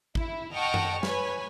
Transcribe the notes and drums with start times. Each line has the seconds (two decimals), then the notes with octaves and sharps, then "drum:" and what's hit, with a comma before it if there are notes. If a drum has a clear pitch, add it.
0.15 E4, drum: kick G#1
0.55 D#5 F#5 G5 A5 C#6 F6
0.74 drum: tom F#2
1.03 B4 C#5 G#5, drum: snare